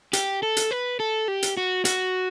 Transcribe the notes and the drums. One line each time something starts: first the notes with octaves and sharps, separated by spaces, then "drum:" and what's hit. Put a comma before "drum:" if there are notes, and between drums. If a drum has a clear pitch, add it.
G4, drum: hi-hat
A4
drum: hi-hat
B4
A4
G4
drum: hi-hat
F#4
F#4, drum: hi-hat